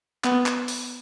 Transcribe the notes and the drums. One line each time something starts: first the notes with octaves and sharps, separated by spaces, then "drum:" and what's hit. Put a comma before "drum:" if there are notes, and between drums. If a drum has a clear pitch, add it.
B3, drum: clap
drum: clap
drum: open hi-hat